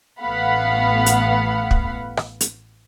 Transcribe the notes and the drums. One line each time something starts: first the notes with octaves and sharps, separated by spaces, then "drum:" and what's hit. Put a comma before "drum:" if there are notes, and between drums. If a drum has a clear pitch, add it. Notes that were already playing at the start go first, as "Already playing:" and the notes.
A1 A3 B3 F5 F#5 B5
drum: hi-hat
drum: kick
drum: rim click
drum: hi-hat